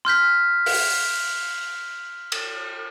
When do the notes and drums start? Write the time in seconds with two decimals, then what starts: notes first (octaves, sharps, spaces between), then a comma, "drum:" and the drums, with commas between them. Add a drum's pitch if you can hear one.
0.05 C6 F6 G6 B6
0.66 drum: open hi-hat
2.32 drum: cymbal